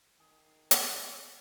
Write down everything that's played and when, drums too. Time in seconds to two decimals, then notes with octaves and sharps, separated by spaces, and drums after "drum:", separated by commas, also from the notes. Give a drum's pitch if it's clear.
0.20 D#3 G#4
0.71 drum: hi-hat